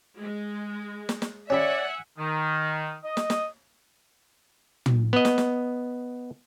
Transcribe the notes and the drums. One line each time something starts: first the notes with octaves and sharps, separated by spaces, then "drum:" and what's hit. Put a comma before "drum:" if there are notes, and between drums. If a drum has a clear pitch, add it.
G#3
drum: snare
drum: snare
C#4 G4 C#5 D5 E5 F#5 G#5 B5
D#3
D#5
drum: snare
drum: snare
drum: tom
B3 D#5
drum: snare
drum: snare